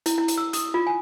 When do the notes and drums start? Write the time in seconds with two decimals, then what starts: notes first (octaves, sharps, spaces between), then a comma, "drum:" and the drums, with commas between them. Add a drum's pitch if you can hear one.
0.06 E4, drum: hi-hat
0.18 E4
0.28 drum: hi-hat
0.38 E6
0.53 D#6, drum: hi-hat
0.74 F4
0.87 G#5